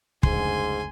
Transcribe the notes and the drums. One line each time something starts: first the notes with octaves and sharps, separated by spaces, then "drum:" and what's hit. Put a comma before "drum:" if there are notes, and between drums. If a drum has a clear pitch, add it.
F#1 D2 G#2 G#5 C6, drum: kick